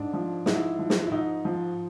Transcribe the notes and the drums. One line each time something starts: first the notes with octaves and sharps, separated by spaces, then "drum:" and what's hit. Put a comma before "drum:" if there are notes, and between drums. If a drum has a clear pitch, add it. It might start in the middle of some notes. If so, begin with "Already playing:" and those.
Already playing: G#2 D4
F3
G#2 E4, drum: snare
F3
drum: snare
E4
G#2 D#4
F3